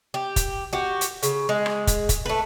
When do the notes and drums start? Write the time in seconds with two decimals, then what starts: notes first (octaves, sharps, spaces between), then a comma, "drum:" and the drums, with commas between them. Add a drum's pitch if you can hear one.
0.14 G4
0.36 drum: kick, hi-hat
0.73 F#4 G4
1.01 drum: hi-hat
1.23 C#3, drum: hi-hat
1.49 G#3
1.66 drum: rim click
1.87 drum: kick, hi-hat
2.09 drum: kick, hi-hat
2.25 A3 B4